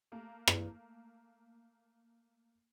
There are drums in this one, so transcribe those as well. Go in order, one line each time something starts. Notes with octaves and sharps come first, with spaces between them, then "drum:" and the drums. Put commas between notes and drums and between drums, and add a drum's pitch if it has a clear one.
A3 A#3
drum: rim click